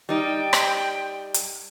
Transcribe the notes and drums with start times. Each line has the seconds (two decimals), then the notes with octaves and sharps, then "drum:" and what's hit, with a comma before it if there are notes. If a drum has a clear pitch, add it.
0.09 G3 D#4 G5
0.53 drum: rim click
1.34 drum: hi-hat